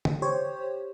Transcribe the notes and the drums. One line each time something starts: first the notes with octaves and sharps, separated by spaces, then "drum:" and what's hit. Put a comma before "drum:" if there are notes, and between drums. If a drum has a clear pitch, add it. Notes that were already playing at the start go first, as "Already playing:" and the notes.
drum: tom
G4 C5 C#5